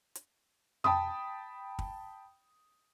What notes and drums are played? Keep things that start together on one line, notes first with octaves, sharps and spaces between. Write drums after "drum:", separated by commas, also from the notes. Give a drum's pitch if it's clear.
drum: hi-hat
G5 A5 B5 D#6, drum: tom F2
drum: kick